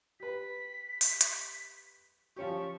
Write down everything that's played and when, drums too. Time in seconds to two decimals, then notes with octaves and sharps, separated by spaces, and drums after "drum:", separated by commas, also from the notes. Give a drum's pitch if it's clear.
0.20 G4 B4 B6
1.01 drum: open hi-hat
1.21 drum: hi-hat
2.36 F3 C#4 G4 C#6